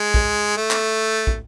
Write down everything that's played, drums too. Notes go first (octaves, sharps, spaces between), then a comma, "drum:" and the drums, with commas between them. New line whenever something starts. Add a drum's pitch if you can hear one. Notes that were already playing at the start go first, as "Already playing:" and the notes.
Already playing: G#3
drum: kick
A3
drum: clap
drum: kick